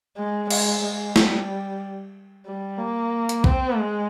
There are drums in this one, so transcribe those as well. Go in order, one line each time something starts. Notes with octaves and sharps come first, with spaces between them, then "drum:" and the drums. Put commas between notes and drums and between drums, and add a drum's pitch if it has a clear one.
G#3
G#3, drum: cymbal
G#3
G3, drum: snare
G3
A#3
drum: hi-hat
C4, drum: kick
G#3